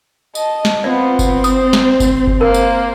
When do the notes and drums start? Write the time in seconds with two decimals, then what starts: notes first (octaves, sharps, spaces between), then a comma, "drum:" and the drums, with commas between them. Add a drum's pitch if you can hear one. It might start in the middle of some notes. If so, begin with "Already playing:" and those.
0.35 D#5 A5, drum: tambourine
0.65 drum: snare
0.84 B3 C4 F4 D5
1.19 drum: kick G1, tambourine
1.44 C5 D#6, drum: tambourine
1.73 drum: snare
2.00 drum: kick G1, tambourine
2.27 drum: kick G1
2.41 A#3 A#4 C5
2.54 drum: tambourine